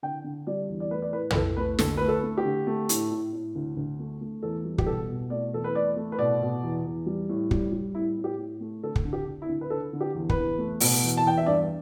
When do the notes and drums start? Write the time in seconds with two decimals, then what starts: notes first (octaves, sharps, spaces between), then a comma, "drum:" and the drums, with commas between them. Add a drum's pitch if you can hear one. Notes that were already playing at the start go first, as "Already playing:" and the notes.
0.03 D3 G5
0.24 D3
0.47 G3 D5
0.69 E2
0.80 D5
0.91 A3 B4
1.02 D5
1.13 A2 B4
1.31 B4, drum: tom
1.34 A2 A4
1.57 A3 B4
1.79 D2 A4, drum: snare
1.97 A3 B4
2.08 A4
2.23 A3
2.37 G4
2.45 D3
2.67 A3
2.89 A2, drum: hi-hat
3.11 A2
3.33 A2
3.55 D2
3.77 D2
3.99 A3
4.21 A3
4.43 E2 A4
4.65 G3
4.78 G4, drum: kick
4.86 B2 A4
5.09 B2
5.30 A3 D5
5.53 E2 A4
5.64 B4
5.75 A3 D5
5.96 A3
6.12 B4
6.19 B2 D5
6.41 B2
6.63 E2
6.85 E2
7.06 G3
7.29 A2
7.51 G3, drum: kick
7.72 G3
7.95 A2 E4
8.17 A2
8.24 G4
8.38 A2
8.60 A3
8.83 D3 A4
8.96 drum: kick
9.05 D3
9.13 G4
9.27 D3
9.42 E4
9.49 D2
9.61 B4
9.70 D3 A4
9.93 D3
10.01 G4
10.15 E2
10.29 B4, drum: kick
10.36 E2
10.59 A3
10.80 B2, drum: open hi-hat
11.03 E2
11.17 A5
11.25 E2 G5
11.38 E5
11.46 G2 D5